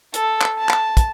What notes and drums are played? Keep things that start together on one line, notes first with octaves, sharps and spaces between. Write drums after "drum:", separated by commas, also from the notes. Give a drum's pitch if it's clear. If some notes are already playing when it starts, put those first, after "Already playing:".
A4, drum: hi-hat
drum: clap
A5
drum: clap
drum: kick, hi-hat